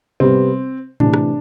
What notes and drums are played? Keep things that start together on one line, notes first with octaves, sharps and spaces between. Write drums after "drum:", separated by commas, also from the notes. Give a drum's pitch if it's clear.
C3 G3 B3 C4
C3 E3 A3 D4, drum: tom A2
drum: rim click